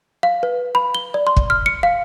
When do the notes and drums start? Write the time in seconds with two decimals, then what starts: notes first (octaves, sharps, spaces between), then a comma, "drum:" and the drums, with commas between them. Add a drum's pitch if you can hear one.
0.23 F5
0.43 B4
0.75 B5
0.95 G7
1.14 D5
1.27 C6
1.37 drum: kick
1.50 F6
1.66 C#7
1.83 F5